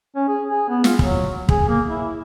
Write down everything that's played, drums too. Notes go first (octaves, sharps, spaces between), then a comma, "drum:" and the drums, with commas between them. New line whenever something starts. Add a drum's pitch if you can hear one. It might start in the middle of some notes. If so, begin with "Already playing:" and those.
C#4
G#4
G#4
B3
F4, drum: snare
F#3, drum: kick
G#4, drum: kick
A#3
E4